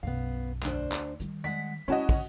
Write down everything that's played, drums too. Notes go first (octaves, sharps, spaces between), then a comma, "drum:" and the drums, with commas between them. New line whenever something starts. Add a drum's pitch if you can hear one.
B1 F#2 B3 F5
D2 D4 C5, drum: clap
drum: clap
D#3 G3, drum: hi-hat
G#3 F#5 B6
G#3 C#4 E4 F#4 C#5 D#5 A5
drum: kick, open hi-hat